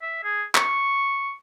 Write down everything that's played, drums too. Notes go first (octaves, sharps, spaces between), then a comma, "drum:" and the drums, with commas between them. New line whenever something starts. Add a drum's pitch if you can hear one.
E5
G#4
C#6, drum: clap